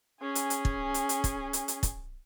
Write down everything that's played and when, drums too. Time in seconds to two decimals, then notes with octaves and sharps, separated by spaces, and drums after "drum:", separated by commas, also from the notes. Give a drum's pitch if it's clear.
0.21 C#4 G#4
0.35 drum: hi-hat
0.50 drum: hi-hat
0.65 drum: kick
0.94 drum: hi-hat
1.09 drum: hi-hat
1.24 drum: kick, hi-hat
1.53 drum: hi-hat
1.68 drum: hi-hat
1.83 drum: kick, hi-hat